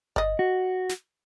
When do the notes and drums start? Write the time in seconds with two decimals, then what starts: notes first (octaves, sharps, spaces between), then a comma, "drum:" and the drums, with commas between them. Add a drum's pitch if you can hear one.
0.16 D5 D#5, drum: kick G1
0.39 F#4
0.90 drum: snare